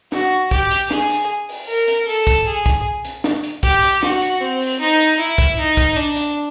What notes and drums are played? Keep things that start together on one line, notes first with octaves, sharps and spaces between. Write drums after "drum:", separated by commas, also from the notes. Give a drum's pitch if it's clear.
F#4, drum: snare
G4, drum: kick B1
drum: hi-hat
G#4, drum: snare
drum: hi-hat
drum: open hi-hat
A#4
drum: hi-hat
A4
drum: kick B1, hi-hat
G#4
drum: kick B1, hi-hat
drum: hi-hat
drum: snare
drum: hi-hat
G4, drum: kick B1
drum: hi-hat
F#4, drum: snare
drum: hi-hat
C4
drum: open hi-hat
D#4
drum: hi-hat
E4
drum: kick B1, hi-hat
D#4
drum: kick B1, hi-hat
D4
drum: hi-hat